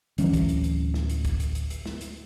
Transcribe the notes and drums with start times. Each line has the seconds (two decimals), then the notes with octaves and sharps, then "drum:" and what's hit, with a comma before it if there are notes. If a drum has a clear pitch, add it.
0.18 D1 E3 F#3 C#4, drum: hi-hat
0.33 drum: kick, hi-hat
0.49 drum: hi-hat
0.64 drum: hi-hat
0.94 drum: snare
1.09 drum: hi-hat
1.25 drum: kick, hi-hat
1.40 drum: hi-hat
1.55 drum: hi-hat
1.70 drum: hi-hat
1.86 drum: snare
2.01 drum: hi-hat